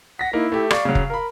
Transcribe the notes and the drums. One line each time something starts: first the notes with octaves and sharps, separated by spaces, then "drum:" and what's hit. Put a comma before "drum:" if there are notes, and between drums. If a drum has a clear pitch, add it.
F#5 A#6 B6
A#3 D#4 E4
A3 G4
D5 F5 C#6, drum: rim click
C#3 F#3
drum: kick F1
A#4 B5